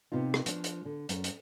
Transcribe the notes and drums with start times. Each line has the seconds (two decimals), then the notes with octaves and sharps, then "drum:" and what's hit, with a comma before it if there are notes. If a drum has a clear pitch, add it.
0.12 C3 B3 D#4 F4
0.34 drum: rim click
0.46 F3 D4, drum: hi-hat
0.64 drum: hi-hat
0.85 D3
1.09 F#2, drum: hi-hat
1.24 drum: hi-hat